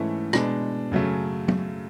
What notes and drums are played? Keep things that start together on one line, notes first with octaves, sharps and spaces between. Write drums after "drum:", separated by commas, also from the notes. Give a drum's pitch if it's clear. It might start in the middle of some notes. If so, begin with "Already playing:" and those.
Already playing: G#2 E3 A3 C#4 E4
B2 G#3 D4, drum: rim click
F#2 C#3 F#3 A3
drum: tom